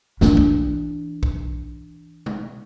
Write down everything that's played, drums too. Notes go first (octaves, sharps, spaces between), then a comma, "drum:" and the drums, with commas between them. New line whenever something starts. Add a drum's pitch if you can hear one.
E3 D4, drum: snare
drum: kick B1
drum: kick B1
drum: tom